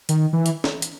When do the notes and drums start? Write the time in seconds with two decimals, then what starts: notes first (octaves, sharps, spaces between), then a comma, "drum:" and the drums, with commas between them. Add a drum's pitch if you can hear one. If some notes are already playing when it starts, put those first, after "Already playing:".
0.09 D#3, drum: hi-hat
0.33 E3
0.46 drum: hi-hat
0.64 drum: snare
0.82 drum: hi-hat